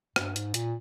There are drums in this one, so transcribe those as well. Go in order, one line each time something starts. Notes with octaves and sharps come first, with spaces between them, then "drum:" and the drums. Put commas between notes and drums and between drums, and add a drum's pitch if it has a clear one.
G2, drum: rim click
G#2, drum: hi-hat
A#2, drum: hi-hat